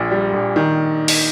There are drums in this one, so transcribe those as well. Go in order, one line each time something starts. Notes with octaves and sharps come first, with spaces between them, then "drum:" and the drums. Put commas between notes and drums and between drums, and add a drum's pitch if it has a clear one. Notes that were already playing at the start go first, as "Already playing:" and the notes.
Already playing: A#1 A#2
G3
A#1
D#3
drum: open hi-hat